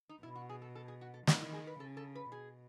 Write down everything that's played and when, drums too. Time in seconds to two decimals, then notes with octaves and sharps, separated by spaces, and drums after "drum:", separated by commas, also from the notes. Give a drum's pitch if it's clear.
0.09 D#4
0.23 B2 E4
0.35 F#4
0.49 G#4
0.62 A4
0.75 A4
0.88 G#4
1.01 F#4
1.14 A4
1.27 D#3 F#4, drum: snare
1.41 E4
1.53 G#4
1.67 B4
1.80 C#3 A4
1.97 A4
2.15 B4
2.32 B2 G#4